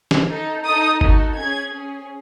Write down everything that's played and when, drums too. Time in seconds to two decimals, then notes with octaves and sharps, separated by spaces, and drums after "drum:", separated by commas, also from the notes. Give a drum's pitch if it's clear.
0.11 drum: snare
0.29 D#4 A4
0.65 D#4 A4 D#6
1.01 D#4 F#4 A4, drum: kick G1
1.36 C#4 G#4 G#6
1.73 C#4 G#4